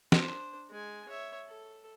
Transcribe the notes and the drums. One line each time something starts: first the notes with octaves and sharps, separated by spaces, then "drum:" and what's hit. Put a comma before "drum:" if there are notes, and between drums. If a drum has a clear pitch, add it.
D4 C5, drum: snare
G#3 G#5
C#5 E5
A4